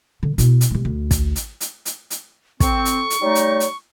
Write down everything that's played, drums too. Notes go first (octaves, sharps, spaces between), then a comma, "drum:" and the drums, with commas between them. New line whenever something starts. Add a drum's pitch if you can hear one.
D3
B2 E4, drum: hi-hat
drum: hi-hat
C3 G#3
D2
drum: kick, hi-hat
drum: hi-hat
drum: hi-hat
drum: hi-hat
drum: hi-hat
C4 A4 C#6, drum: kick, hi-hat
drum: hi-hat
drum: hi-hat
G3 A3 D#4 C#5
drum: hi-hat
drum: hi-hat